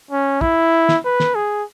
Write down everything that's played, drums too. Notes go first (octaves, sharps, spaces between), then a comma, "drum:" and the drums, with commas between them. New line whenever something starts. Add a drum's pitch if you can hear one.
C#4
E4, drum: kick
drum: snare
B4
drum: snare
G#4